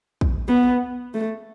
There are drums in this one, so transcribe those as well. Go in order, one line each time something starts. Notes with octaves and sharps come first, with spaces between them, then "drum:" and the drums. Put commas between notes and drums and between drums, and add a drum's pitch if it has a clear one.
drum: kick
B3
A3